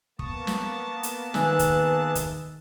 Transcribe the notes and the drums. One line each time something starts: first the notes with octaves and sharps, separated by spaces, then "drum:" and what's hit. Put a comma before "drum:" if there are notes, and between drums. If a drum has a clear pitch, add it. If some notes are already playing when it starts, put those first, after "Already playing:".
A#3 B3 A5 C#6 D#6, drum: kick
drum: snare
drum: hi-hat
D#3 G#4 B4 E5 G#5 F#6, drum: snare
drum: kick, hi-hat
drum: kick, hi-hat